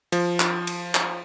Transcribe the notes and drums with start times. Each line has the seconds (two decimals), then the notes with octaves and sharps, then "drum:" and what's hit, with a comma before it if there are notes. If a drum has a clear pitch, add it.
0.12 F3, drum: cymbal
0.40 drum: clap
0.67 drum: cymbal
0.95 drum: clap